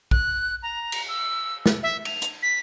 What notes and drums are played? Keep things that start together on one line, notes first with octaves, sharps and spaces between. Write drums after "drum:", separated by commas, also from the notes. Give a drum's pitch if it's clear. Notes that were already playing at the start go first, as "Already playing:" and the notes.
F#6, drum: kick A#1
A#5
drum: cymbal
E6
drum: snare
E5
F7, drum: cymbal
drum: hi-hat
B6